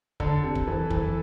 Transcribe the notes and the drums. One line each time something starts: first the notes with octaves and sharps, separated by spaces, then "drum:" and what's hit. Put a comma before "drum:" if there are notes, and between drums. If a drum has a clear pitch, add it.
D3 A4, drum: kick
C3
drum: kick
E3
E3, drum: kick